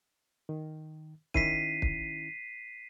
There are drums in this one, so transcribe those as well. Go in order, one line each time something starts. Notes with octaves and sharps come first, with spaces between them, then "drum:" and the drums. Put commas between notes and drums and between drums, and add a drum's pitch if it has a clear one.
D#3
D#3 C#4 E4 B6 C7 D#7, drum: kick
drum: kick